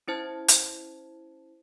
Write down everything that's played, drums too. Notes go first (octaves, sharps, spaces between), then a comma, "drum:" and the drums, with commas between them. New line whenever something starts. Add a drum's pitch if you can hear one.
C#4 E4 C5 A5 G#6
drum: hi-hat